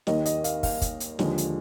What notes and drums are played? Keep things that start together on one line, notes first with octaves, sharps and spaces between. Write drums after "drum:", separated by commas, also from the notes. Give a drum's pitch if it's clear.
D#2 D#3 A#3 D#5, drum: snare
D#5, drum: hi-hat
F5, drum: hi-hat
F5, drum: kick, open hi-hat
drum: kick, hi-hat
drum: hi-hat
D#2 D3 F3 G#3, drum: snare
drum: hi-hat